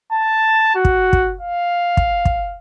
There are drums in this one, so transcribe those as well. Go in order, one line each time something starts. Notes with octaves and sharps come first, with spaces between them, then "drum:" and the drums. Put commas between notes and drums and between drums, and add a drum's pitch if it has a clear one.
A5
F#4
drum: kick
drum: kick
F5
drum: kick
drum: kick